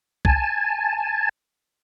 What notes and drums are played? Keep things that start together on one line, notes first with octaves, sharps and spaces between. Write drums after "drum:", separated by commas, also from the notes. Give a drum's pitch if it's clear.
G#5 A5, drum: kick